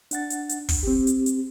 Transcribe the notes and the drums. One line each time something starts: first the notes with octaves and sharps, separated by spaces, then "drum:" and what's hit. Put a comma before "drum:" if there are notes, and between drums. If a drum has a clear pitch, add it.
D4 F#5 A6, drum: hi-hat
drum: hi-hat
drum: hi-hat
drum: kick, open hi-hat
C4 G4
drum: hi-hat
drum: hi-hat